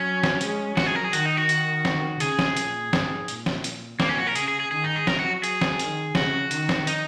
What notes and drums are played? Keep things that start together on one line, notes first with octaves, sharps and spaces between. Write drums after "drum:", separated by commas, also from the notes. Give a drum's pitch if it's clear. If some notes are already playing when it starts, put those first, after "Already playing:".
Already playing: F#3 C#4
drum: snare
G#3, drum: hi-hat
F#3 F#4, drum: snare
G#4
A#4
G#4
D#3 F#4, drum: hi-hat
D#4
F#4
drum: hi-hat
drum: snare
C#3 G#4, drum: hi-hat
drum: snare
A#2, drum: hi-hat
G#2, drum: snare
A#2, drum: hi-hat
drum: snare
drum: hi-hat
A#2 A#3, drum: snare
C#4
F#4
A#4
C#3 G#4, drum: hi-hat
G#4
G#4
D#3 G#4
D#4
G#4
F#3 A#4, drum: snare
F#4
G#4, drum: hi-hat
drum: snare
D#3, drum: hi-hat
C#3 F#4, drum: snare
D#3, drum: hi-hat
drum: snare
D#4, drum: hi-hat